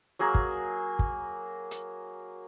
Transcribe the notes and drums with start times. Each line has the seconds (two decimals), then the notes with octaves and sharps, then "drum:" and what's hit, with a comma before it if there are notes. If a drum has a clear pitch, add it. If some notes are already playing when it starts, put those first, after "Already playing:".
0.19 F#3 A#3 G#4 A#4
0.35 drum: kick
0.99 drum: kick
1.71 drum: hi-hat